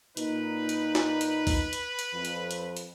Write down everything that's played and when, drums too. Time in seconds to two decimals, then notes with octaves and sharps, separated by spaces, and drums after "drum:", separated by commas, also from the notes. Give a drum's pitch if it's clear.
0.17 A#2 D#4 B4, drum: hi-hat
0.69 drum: hi-hat
0.95 drum: snare
1.21 drum: hi-hat
1.47 drum: kick A1, open hi-hat
1.73 drum: hi-hat
1.99 drum: hi-hat
2.13 F2
2.25 drum: hi-hat
2.51 drum: hi-hat
2.77 drum: hi-hat